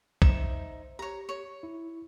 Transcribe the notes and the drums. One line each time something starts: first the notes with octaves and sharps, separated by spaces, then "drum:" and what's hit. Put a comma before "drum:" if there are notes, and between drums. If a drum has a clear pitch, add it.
D#4 C5 E5 D#6, drum: kick B1
G4 C#5 A#5
C#5
E4